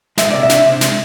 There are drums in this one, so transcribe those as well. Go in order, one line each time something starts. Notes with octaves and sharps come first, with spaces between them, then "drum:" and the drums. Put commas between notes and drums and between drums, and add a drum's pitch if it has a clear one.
G#3 E5, drum: snare
C3 D5
E5
D4, drum: snare
C3
G#3, drum: snare